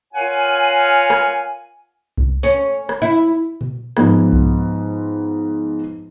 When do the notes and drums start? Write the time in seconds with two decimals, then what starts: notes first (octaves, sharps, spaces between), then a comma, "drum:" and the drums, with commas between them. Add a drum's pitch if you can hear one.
0.13 F4 A#4 C#5 F5 F#5 G#5
1.10 drum: rim click
2.18 drum: kick C2
2.43 C#4
2.89 drum: rim click
3.02 E4
3.61 drum: tom A#2
3.97 G#2 F3 B3, drum: rim click
4.32 drum: kick C2